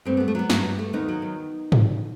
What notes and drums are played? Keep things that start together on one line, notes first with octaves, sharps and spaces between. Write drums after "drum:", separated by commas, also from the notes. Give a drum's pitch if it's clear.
G2 A3 C4
A3 B3
A3
F#3 B3
G2, drum: snare
G2
A3
D#2 B3 D#4
F#3
D#3
drum: tom